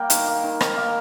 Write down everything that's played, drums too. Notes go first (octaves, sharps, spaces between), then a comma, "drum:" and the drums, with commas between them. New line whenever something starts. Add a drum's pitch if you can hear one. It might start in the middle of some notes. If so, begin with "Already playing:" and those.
Already playing: G3 A#3 D#5 G5
D#3, drum: hi-hat
A#3
D#3
D#3, drum: rim click
A#3